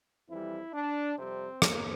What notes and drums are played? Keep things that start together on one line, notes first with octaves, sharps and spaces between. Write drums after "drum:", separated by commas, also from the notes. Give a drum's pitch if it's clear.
F2 E3 G3 E4
D4
F2 C3 G3 C4
A#3, drum: rim click